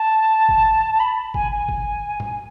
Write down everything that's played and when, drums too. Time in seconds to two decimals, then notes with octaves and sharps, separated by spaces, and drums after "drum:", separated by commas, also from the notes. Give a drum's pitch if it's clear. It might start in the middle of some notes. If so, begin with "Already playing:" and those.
Already playing: A5
0.49 drum: kick
1.00 B5
1.34 G#5, drum: kick
1.51 G#5
1.68 drum: kick
2.20 drum: tom G2